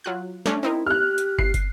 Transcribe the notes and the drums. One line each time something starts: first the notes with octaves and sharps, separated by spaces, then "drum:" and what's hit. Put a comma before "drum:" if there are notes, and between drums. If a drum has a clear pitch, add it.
F#3 F4 F#6
A3 C#4 D4, drum: snare
C4 D#4 E4 A#4
G4 F6 F#6
drum: hi-hat
C7, drum: kick
drum: kick, hi-hat